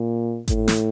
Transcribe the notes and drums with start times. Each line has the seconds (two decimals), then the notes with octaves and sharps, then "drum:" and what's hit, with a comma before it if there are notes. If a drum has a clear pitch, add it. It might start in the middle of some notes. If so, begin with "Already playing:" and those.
Already playing: A#2
0.48 A2, drum: kick G#1, hi-hat
0.68 drum: snare